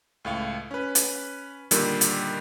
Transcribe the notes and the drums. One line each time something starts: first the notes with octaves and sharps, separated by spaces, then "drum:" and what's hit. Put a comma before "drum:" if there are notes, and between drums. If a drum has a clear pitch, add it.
C#2 A2 F5
C#4 B4
drum: hi-hat
A#2 D3 D#3 G3, drum: hi-hat
drum: hi-hat